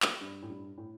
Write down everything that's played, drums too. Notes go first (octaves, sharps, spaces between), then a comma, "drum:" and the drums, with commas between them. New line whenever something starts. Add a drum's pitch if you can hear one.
drum: clap
G2
A2
G2
A2